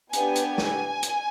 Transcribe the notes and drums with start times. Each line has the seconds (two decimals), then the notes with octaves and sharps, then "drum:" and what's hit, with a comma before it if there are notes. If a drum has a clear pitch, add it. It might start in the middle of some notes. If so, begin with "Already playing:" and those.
0.13 B3 D4 G4 G#5, drum: hi-hat
0.35 drum: hi-hat
0.58 drum: snare
1.03 drum: hi-hat